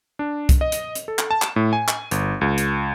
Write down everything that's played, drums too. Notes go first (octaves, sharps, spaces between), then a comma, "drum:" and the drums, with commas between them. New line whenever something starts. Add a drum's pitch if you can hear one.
D4
drum: kick C2, hi-hat
D#5
drum: hi-hat
drum: hi-hat
A4
drum: clap
A5
drum: clap
A2
G#5
drum: clap
G1, drum: hi-hat
C#2
drum: hi-hat